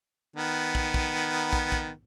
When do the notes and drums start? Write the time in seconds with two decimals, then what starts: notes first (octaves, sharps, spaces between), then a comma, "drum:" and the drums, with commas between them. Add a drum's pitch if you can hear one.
0.36 D#3 B3
0.75 drum: kick
0.94 drum: kick
1.53 drum: kick
1.72 drum: kick